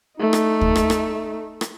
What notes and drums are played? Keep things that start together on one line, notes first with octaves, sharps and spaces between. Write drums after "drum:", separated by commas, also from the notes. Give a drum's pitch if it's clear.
A3 D#4
drum: rim click
drum: kick
drum: rim click
drum: rim click
drum: rim click